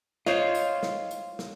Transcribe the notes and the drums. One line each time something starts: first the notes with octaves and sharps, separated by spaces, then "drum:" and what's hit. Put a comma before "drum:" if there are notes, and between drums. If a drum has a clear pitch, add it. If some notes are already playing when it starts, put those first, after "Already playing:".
F4 C5 C#5 D#5, drum: snare
drum: tambourine
drum: snare
drum: tambourine
drum: snare